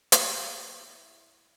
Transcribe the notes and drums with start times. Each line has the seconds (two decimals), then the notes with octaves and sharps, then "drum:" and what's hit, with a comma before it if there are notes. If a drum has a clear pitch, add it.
0.12 drum: hi-hat
0.21 F5 F#5 A#5 C#6 F#6 C7
0.60 F#3 A#3
0.81 E4